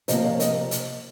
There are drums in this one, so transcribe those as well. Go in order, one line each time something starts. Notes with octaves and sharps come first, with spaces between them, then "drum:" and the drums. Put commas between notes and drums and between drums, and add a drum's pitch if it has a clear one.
C3 F3 A#3 C5 D#5, drum: hi-hat
C#5 F5
C5 D#5, drum: hi-hat
drum: hi-hat